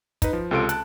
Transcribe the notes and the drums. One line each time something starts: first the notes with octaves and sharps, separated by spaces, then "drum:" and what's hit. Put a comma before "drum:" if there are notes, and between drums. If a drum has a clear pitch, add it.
D#4 B4, drum: kick, hi-hat
F3
C#2 C3 F4 A4 C6 D7
A5 F#6, drum: hi-hat